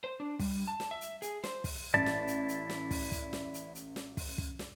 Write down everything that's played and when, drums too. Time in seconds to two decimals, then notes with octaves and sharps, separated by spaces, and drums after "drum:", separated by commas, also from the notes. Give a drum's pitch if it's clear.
0.04 C5
0.20 D4
0.39 G3, drum: kick, open hi-hat
0.67 A5
0.80 drum: snare
0.91 E5
1.01 drum: hi-hat
1.22 G#4, drum: hi-hat
1.44 C5, drum: snare
1.64 drum: kick, open hi-hat
1.94 A1 E4 D5 A5
2.06 drum: snare
2.27 drum: hi-hat
2.48 drum: hi-hat
2.70 drum: snare
2.91 drum: kick, open hi-hat
3.12 drum: kick, hi-hat
3.33 drum: snare
3.54 drum: hi-hat
3.75 drum: hi-hat
3.96 drum: snare
4.17 drum: kick, open hi-hat
4.38 drum: kick
4.59 drum: snare